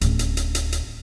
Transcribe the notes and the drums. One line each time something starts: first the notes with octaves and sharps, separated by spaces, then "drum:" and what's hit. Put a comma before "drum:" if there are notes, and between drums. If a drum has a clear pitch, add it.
D1 C#4, drum: hi-hat
drum: hi-hat
drum: hi-hat
drum: hi-hat
drum: hi-hat